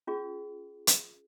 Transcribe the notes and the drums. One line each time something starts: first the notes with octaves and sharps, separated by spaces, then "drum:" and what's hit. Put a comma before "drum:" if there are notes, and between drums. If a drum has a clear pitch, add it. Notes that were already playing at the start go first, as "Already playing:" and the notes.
C#4 F4 G#4
drum: hi-hat